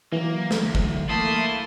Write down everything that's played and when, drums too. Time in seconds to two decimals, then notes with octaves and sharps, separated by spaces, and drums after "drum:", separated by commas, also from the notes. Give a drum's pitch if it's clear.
0.12 E3 F#3 A#3
0.51 drum: snare
0.65 D2
0.75 drum: kick
1.09 A3 A#3 E4 A5 C6 D#6